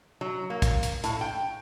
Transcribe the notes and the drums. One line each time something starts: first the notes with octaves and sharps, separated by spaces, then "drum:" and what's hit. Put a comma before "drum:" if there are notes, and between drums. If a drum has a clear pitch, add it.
F#3
A#3
drum: kick, hi-hat
drum: hi-hat
A2, drum: hi-hat
G5